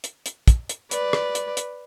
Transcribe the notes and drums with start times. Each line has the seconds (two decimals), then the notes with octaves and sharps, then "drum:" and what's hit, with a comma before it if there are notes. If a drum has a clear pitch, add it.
0.04 drum: hi-hat
0.26 drum: hi-hat
0.48 drum: kick, hi-hat
0.69 drum: hi-hat
0.91 B4 D5, drum: hi-hat
1.13 drum: rim click
1.35 drum: hi-hat
1.57 drum: hi-hat